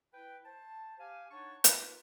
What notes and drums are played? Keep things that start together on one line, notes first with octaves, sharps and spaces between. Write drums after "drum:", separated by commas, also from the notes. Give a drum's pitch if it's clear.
E4 B4 G5
C5 A5
G4 F5 G#5
D4 D#4 C#5 F#5 A5 C#6
A#3 D#4 F4 A#4 B4, drum: hi-hat